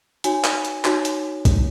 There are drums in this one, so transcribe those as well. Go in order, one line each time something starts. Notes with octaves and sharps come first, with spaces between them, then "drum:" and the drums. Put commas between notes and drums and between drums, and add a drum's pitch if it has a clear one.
D#4 F#4 C#5 G#5, drum: hi-hat
drum: clap
drum: hi-hat
D#4 F#4 C#5, drum: clap
drum: hi-hat
drum: kick A#1, hi-hat